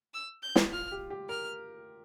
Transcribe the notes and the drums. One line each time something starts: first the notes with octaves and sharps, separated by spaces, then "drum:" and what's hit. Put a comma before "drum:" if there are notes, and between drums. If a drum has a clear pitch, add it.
E6
G6
drum: snare
F4 F6
G4
G4
A#4 F6